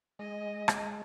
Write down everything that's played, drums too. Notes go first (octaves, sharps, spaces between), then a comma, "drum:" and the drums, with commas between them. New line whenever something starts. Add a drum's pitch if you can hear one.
G#3 D#5
drum: rim click